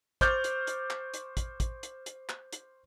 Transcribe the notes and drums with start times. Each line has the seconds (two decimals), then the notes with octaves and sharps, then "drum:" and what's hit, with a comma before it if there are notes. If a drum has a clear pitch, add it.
0.21 C5 C#6 D6 F6 G6 A6, drum: kick, hi-hat
0.44 drum: hi-hat
0.67 drum: hi-hat
0.90 drum: clap
1.14 drum: hi-hat
1.37 drum: kick, hi-hat
1.60 drum: kick, hi-hat
1.83 drum: hi-hat
2.06 drum: hi-hat
2.29 drum: clap
2.53 drum: hi-hat